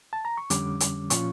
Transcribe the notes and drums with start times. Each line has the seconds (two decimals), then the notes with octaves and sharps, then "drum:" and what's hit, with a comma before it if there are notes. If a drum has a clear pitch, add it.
0.13 A5
0.25 A#5
0.37 C#6
0.50 F2 D3 G3 C#4 D6, drum: hi-hat
0.80 drum: hi-hat
1.10 A#2 F3 C#4 F4 C#6, drum: hi-hat